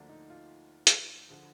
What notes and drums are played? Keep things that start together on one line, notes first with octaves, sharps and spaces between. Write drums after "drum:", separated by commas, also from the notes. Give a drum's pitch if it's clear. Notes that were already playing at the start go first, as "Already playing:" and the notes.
Already playing: D2 D3 F3 A#3 D4
D#4
F4
drum: hi-hat
D3 F3